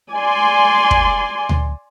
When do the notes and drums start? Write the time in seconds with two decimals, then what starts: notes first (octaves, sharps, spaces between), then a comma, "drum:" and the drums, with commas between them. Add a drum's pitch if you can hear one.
0.11 D5 G#5 C6
0.91 drum: kick
1.49 drum: tom D2